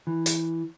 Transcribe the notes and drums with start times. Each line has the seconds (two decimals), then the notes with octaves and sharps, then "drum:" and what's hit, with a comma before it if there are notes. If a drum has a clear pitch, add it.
0.07 E3
0.26 drum: hi-hat